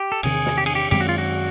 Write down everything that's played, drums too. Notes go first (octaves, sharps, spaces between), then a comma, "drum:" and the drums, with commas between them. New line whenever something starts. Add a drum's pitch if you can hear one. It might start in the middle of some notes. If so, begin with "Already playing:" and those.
Already playing: G4
A4
E2 C3 D#3 G#4, drum: cymbal
drum: snare
G4
G#4, drum: cymbal
G4
F#2 D#3 G#3 C4 G4, drum: cymbal
F#4
F4
F#4